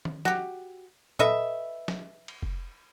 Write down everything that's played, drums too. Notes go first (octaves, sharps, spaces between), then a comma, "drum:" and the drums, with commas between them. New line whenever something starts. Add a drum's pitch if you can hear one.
drum: tom
F#4 G4, drum: snare
A4 B4 D#5 E5, drum: tom A#2
drum: snare
drum: cymbal
drum: kick F1